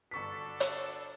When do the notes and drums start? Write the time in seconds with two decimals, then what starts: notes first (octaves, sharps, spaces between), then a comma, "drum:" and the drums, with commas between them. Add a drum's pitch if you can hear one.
0.11 G1 D4 F#4 A4 C#6 B6
0.60 drum: hi-hat